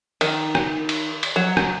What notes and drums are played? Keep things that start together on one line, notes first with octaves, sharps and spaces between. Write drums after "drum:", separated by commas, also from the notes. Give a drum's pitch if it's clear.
D#3, drum: cymbal
drum: rim click
drum: cymbal
drum: cymbal
F#3
drum: rim click